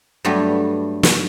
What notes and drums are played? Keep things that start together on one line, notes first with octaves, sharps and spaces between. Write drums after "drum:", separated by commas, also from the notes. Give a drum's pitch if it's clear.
G2 F#3 G3 A3 B3
drum: snare